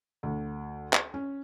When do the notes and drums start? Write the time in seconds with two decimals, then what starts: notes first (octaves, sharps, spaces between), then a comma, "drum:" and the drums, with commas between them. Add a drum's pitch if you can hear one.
0.23 D2
0.93 drum: clap
1.14 C#4